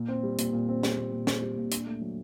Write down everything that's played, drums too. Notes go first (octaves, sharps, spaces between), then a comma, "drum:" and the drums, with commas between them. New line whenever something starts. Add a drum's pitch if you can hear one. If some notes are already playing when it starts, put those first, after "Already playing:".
Already playing: A#2
C4
G3
A#2, drum: hi-hat
A#2
C4
G3, drum: snare
A#2
A#2
C4, drum: snare
G3
A#2
D4, drum: hi-hat
A3
F#3